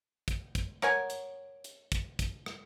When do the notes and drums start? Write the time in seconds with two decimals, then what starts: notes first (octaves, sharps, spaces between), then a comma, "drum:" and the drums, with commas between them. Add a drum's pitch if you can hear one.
0.28 drum: kick, hi-hat
0.55 drum: kick, hi-hat
0.82 A#4 C#5 F#5 G#5, drum: rim click
1.10 drum: hi-hat
1.64 drum: hi-hat
1.92 drum: kick, hi-hat
2.19 drum: kick, hi-hat
2.46 drum: rim click